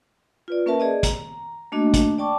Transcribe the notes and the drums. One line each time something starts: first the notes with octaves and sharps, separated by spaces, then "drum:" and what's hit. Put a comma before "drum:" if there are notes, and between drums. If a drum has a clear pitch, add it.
F4 B4 D5
A#3 C#4 A#4 B4 E5 A5
G#4 D5 D#5
A#5, drum: kick, hi-hat
A3 A#3 D4 F#4 D#5
drum: kick, hi-hat
D5 G5 A5 C#6 D6